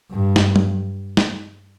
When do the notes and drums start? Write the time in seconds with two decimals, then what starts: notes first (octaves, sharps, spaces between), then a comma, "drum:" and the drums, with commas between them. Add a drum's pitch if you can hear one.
0.12 G2
0.36 drum: snare
0.56 drum: tom F#3
1.17 drum: snare